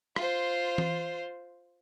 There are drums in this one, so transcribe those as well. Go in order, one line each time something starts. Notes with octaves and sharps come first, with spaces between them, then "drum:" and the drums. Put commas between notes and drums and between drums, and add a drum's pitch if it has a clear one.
F4 C5, drum: rim click
drum: tom E3